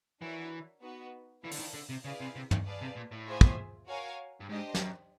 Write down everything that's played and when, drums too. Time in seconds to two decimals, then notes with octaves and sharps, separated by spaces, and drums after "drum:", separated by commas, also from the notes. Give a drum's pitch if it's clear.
0.21 E3 D4 F#4 A#4 C#5 E5
0.82 B3 D#4 F#4 B4
1.43 E3 E4 A4 D5 F5
1.51 D3, drum: open hi-hat
1.59 D#3
1.74 D3
1.89 C3
2.04 C#3 E4 G#4 B4 D5 F5
2.20 C3
2.36 C3
2.51 D#3, drum: tom
2.66 G#4 B4 D5 F5 A5
2.81 C3
2.96 A#2
3.11 A2
3.27 F4 G#4 C5 E5 G#5
3.41 drum: kick
3.88 F#4 A#4 C#5 F5 G#5
4.40 G2
4.49 G#2 D4 G4 C5 D#5
4.74 G2, drum: snare
4.81 F#2